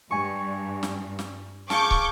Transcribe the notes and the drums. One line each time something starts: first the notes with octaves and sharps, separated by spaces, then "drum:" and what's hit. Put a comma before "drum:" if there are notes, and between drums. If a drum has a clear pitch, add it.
G2 G#5 C#6
drum: snare
drum: snare
G#4 F5 A5 C#6 D6 G6, drum: snare
drum: kick